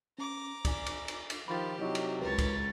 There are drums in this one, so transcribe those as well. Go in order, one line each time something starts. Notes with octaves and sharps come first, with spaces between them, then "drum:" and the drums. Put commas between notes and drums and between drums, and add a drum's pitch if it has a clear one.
C#4 A#5 D6
D5 G#5, drum: kick, cymbal
drum: cymbal
drum: cymbal
drum: cymbal
D#3 F3 F4 G4 B5 A6
C3 F#3 D#4 E4 D#5
drum: cymbal
C#2 A#4 B4 C#5 A6
drum: kick, cymbal